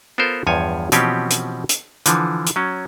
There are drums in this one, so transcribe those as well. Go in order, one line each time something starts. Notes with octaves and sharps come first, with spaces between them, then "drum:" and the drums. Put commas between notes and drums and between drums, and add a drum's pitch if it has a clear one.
B3 F4 A4 A#4 C5
E2 G2 F3 C#5 G#5
B2 E3 F3 C4 C#4 G4, drum: hi-hat
drum: hi-hat
drum: hi-hat
D3 E3 F3, drum: hi-hat
drum: hi-hat
F#3 C#4